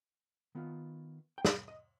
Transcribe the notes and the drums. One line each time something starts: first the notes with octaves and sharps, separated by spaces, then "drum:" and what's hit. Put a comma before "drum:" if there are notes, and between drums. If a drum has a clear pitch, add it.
D#3 B3 F4
G5
F5, drum: snare
D#5